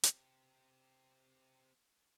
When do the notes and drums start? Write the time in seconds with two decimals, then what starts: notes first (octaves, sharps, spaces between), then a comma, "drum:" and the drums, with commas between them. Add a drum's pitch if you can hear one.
0.03 C4 G4, drum: hi-hat